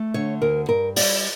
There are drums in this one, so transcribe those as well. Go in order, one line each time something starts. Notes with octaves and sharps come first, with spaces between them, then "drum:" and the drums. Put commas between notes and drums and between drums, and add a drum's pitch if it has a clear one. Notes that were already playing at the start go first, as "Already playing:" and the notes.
Already playing: A3
D3 C#5
D2 A#4
G2 A#4
G3 D5, drum: open hi-hat